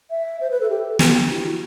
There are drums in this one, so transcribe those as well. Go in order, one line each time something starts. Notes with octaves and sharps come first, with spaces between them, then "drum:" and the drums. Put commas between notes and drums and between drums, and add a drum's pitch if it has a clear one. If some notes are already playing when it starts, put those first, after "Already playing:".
E5
C5
B4
A4
G4
A4
G4, drum: snare
E4
F#4